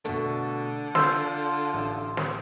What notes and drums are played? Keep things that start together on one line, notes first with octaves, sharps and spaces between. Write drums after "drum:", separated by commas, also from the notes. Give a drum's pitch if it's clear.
B2 D3 A3, drum: hi-hat
F4 C6 E6 G6, drum: snare
A1
drum: snare